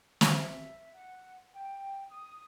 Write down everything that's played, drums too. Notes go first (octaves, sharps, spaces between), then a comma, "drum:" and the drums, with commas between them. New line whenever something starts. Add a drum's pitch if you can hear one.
E5, drum: snare
F#5
G5
D#6